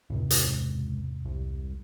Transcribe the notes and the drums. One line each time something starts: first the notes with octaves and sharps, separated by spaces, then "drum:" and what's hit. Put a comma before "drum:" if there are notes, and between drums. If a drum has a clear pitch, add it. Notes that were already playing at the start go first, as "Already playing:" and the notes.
E1 C#2 G#2 C3
drum: hi-hat
C2